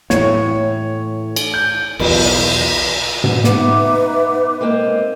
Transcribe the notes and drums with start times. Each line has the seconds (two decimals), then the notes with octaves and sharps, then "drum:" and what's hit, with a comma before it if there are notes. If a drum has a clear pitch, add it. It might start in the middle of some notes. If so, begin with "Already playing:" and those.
0.10 A2 E3 C#5, drum: snare
1.36 drum: cymbal
1.54 G6
1.99 B1 E2, drum: cymbal
3.24 drum: tom
3.44 B3 D#4 B4 E5 D6, drum: snare
4.61 G#3 A#3 C4